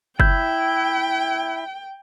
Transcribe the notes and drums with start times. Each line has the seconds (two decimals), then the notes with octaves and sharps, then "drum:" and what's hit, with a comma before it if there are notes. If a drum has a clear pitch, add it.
0.20 E4 G5 G6, drum: kick F#1